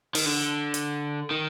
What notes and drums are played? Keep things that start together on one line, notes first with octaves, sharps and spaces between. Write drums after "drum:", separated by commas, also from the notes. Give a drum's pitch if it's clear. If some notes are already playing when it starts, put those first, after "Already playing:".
D#3, drum: open hi-hat
D3
drum: hi-hat
D#3